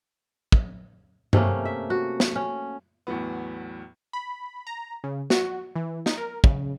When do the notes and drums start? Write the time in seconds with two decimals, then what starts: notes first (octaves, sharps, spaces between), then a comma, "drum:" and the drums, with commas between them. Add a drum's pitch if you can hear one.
0.52 drum: kick
1.33 C3 A3 A#3 C#4, drum: tom G2
1.65 E5
1.90 F#4
2.20 drum: snare
2.36 C#4
3.07 E2 A2 F#3 B3
4.13 B5
4.67 A#5
5.04 C#3
5.30 F#4, drum: snare
5.76 E3
6.06 D#4, drum: snare
6.17 A#4
6.44 C#3, drum: kick